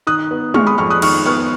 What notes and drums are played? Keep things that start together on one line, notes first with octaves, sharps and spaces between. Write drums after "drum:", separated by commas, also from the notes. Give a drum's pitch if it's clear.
D#3 D#6 F#6
B3
G#3 C#6 F6, drum: tom G#3
B5 D#6
F2 C#6 F6
D#6 F#6
D#3 C#6 F6, drum: cymbal
B3 C#6 F6